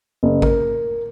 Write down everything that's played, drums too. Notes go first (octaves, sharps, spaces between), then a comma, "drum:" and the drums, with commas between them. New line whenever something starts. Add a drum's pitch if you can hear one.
F#1
A#4, drum: kick A1